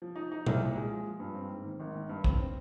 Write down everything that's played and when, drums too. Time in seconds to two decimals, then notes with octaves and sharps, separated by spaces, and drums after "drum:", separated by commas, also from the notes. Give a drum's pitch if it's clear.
0.02 F3
0.16 D#4
0.32 D#4
0.46 C2, drum: tom A#2
0.60 A#2
0.76 G#3
0.91 F3
1.06 F3
1.20 G2
1.35 C4
1.49 G#2
1.65 D#3
1.80 G#1
1.95 D#3
2.09 G2
2.24 C4, drum: kick
2.39 C4